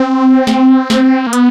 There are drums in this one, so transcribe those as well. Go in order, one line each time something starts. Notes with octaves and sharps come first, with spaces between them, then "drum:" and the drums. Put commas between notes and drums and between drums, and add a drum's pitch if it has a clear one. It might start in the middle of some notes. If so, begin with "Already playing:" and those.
Already playing: C4
drum: snare
drum: snare
A#3
B3, drum: hi-hat